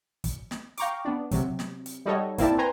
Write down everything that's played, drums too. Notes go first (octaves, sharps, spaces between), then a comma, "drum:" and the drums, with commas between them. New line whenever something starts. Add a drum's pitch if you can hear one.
drum: kick, hi-hat
drum: snare
F5 G5 A#5 C#6 D6, drum: hi-hat
B3 D4
C3 F#3, drum: kick, hi-hat
drum: snare
drum: hi-hat
G3 D#4 F#4 A4 C#5 D#5
A#3 C4 E4 A#4 D5 A5, drum: kick, hi-hat
B4 C5 G5 G#5 A#5 C6